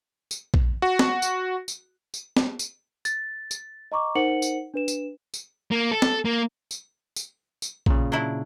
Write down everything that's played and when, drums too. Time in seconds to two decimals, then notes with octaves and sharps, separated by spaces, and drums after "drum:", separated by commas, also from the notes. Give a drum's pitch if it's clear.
0.31 drum: tambourine
0.54 drum: kick A#1
0.82 F#4
0.99 drum: snare
1.22 drum: tambourine
1.68 drum: tambourine
2.14 drum: tambourine
2.37 drum: snare
2.59 drum: tambourine
3.05 A6, drum: tambourine
3.51 drum: tambourine
3.92 D#5 A#5 C#6 D6
4.15 D#4 A#4 C5 F#5 C#7 F#7
4.42 drum: tambourine
4.74 D4 B4 E7
4.88 drum: tambourine
5.34 drum: tambourine
5.71 A#3
5.91 A4
6.02 drum: snare
6.25 A#3
6.71 drum: tambourine
7.16 drum: tambourine
7.62 drum: tambourine
7.86 A#2 C#3, drum: kick A#1
8.12 F#3 D4 E4